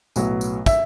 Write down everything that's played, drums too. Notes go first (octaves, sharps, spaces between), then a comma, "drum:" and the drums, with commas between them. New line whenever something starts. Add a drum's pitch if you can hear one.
B1 A2 F#3 B3, drum: tambourine
drum: tambourine
E5, drum: kick, tambourine